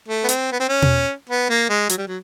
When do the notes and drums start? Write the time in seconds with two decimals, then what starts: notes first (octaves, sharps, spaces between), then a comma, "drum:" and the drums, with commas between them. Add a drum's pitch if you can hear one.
0.08 A3
0.24 B3
0.29 C4, drum: hi-hat
0.52 B3
0.60 C4
0.69 C#4
0.82 drum: tom B2
1.29 B3
1.50 A#3
1.69 G#3
1.89 F#3, drum: hi-hat
1.98 G3
2.07 F#3